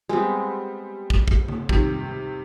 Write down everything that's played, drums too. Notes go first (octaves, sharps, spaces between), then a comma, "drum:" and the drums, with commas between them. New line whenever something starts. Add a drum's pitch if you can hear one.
G3 G#3 B3 C4
drum: kick
drum: kick
drum: tom C#3
C3 D#3 G3, drum: kick